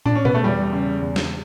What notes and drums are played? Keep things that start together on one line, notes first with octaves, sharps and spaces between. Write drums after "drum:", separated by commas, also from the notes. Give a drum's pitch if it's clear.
D4, drum: tom
C#4
B3, drum: tom A#2
A3
E2 G3
C#3
E2
drum: snare